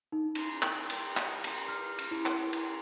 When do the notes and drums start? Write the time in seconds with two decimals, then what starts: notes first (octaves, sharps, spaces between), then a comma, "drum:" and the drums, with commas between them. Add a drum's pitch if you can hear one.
0.12 D#4
0.35 drum: cymbal
0.62 G5, drum: clap
0.90 drum: cymbal
1.17 drum: clap
1.44 drum: cymbal
1.68 F6
1.99 drum: cymbal
2.11 E4
2.26 drum: clap
2.53 drum: cymbal